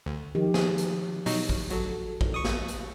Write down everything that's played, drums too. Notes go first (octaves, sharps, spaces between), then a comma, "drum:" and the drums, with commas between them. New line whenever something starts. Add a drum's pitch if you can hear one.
D2
D#3 F3 G4
G#4, drum: snare
drum: hi-hat
B2 F#3 D#4 C#5, drum: open hi-hat
drum: kick A1
F#3 F#4 A4, drum: hi-hat
drum: kick A1
C#6 D#6
drum: snare
drum: hi-hat